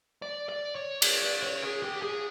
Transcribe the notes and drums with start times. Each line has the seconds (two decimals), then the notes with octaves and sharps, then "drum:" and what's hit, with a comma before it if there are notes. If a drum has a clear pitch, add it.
0.22 D5
0.49 D5
0.76 C#5
1.02 D5, drum: cymbal
1.23 D5
1.43 C#5
1.62 G#4
1.83 G4
2.02 G#4